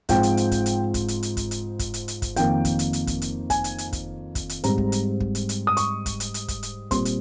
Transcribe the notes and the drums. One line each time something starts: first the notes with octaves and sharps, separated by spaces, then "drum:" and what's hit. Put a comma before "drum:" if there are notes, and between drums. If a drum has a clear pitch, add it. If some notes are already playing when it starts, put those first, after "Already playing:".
G#2 F3 C4 G5, drum: kick, hi-hat
drum: hi-hat
drum: hi-hat
drum: kick, hi-hat
drum: hi-hat
drum: kick, hi-hat
drum: hi-hat
drum: hi-hat
drum: kick, hi-hat
drum: hi-hat
drum: kick, hi-hat
drum: hi-hat
drum: hi-hat
drum: kick, hi-hat
F2 D#3 A#3 G5, drum: hi-hat
drum: kick, hi-hat
drum: hi-hat
drum: hi-hat
drum: kick, hi-hat
drum: hi-hat
G#5, drum: kick, hi-hat
drum: hi-hat
drum: hi-hat
drum: kick, hi-hat
drum: kick, hi-hat
drum: hi-hat
G#2 G3 C4 A#5, drum: hi-hat
drum: kick
drum: hi-hat
drum: kick
drum: hi-hat
drum: hi-hat
D#6
C#6, drum: hi-hat
drum: kick, hi-hat
drum: hi-hat
drum: hi-hat
drum: kick, hi-hat
drum: hi-hat
A#2 G3 C4 C6, drum: kick, hi-hat
drum: hi-hat